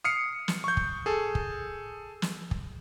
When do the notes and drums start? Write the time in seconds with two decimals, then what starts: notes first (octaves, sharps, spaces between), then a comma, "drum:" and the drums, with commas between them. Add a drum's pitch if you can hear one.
0.04 D#6 F6 C7 C#7
0.48 drum: snare
0.64 C#6 G6
0.77 drum: kick
1.06 G#4 A4
1.35 drum: kick
2.22 drum: snare
2.51 drum: kick